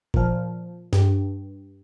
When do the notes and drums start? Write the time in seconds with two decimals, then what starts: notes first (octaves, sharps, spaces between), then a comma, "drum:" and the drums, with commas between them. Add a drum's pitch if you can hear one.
0.14 A#2 F3, drum: kick F#1
0.93 G2, drum: snare